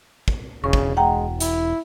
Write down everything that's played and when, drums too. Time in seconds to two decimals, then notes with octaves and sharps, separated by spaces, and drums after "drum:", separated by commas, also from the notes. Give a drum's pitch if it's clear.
0.28 drum: kick
0.64 E1 C#3 C#6
0.73 drum: kick
0.97 G#3 F#5 G5 A#5
1.40 E4, drum: hi-hat